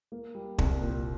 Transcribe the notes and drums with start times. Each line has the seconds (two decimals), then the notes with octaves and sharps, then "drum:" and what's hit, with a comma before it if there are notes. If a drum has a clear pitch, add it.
0.12 A#3
0.35 G3
0.58 C2, drum: kick
0.81 A#2